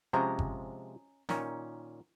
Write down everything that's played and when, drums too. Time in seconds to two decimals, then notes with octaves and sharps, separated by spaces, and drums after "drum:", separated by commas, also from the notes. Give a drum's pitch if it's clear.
0.13 C3 F3 G#3 C#4 D#5 A#5
0.39 drum: kick G1
1.29 A#2 D#3 C#4 D#4, drum: snare